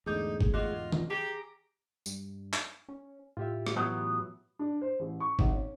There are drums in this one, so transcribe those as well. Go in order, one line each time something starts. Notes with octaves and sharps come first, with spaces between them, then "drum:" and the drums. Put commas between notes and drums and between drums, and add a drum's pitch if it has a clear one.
E2 G#2 D3 A3 D#4 G#4 D6 G6
drum: kick
F4 F#4 D#5 D6
drum: tom D#3
G4 G#4 A#5 D6
G2, drum: tambourine
drum: clap
C#4
A2 F4 G4 E5
drum: rim click
E3 F#3 B3
D4
C5
A1
C#6
G#1, drum: kick
C#4